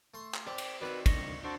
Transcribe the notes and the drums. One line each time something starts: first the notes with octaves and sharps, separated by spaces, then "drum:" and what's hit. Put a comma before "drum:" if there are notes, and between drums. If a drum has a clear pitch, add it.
A3 C6
drum: clap
C4 G#4 D5 G5
drum: cymbal
D#3 C4 F#4 B4 D5 E5
C2 D3 C#6 A#6, drum: kick, cymbal
D4 F#4 A4 C5